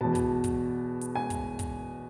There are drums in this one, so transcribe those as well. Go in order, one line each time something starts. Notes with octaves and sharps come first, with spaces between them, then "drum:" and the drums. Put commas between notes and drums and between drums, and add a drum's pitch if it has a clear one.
E2 B2 A5
drum: kick, hi-hat
drum: kick, hi-hat
drum: hi-hat
G#5
drum: kick, hi-hat
drum: kick, hi-hat